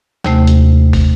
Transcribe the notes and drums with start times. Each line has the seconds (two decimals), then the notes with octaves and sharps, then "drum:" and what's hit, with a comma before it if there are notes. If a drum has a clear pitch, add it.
0.24 D#2 C3 A3, drum: snare
0.47 drum: hi-hat
0.93 drum: kick, open hi-hat